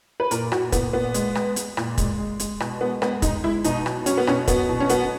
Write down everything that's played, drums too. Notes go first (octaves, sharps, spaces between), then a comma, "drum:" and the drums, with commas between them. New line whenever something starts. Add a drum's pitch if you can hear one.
B4
A#2 A#4, drum: hi-hat
A#2 F#4, drum: rim click
A#2 B3, drum: kick, hi-hat
A#2 B3
G#3, drum: hi-hat
G#3, drum: rim click
G#3, drum: hi-hat
A#2, drum: rim click
G#3, drum: kick, hi-hat
G#3
G#3, drum: hi-hat
B2, drum: rim click
G#3 B3
G#3 B3, drum: rim click
G#3 D#4, drum: kick, hi-hat
G#3 E4
B2 D#4, drum: hi-hat
F#3, drum: rim click
F#3 C#4, drum: hi-hat
B3
B2 C#4, drum: rim click
F#3 B3, drum: kick, hi-hat
B2
C#4
F#3 B3, drum: hi-hat